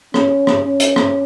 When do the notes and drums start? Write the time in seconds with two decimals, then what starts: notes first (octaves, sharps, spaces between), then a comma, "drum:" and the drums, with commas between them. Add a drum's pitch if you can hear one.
0.14 C#4, drum: rim click
0.47 drum: rim click
0.63 C#4
0.80 drum: hi-hat
0.96 drum: rim click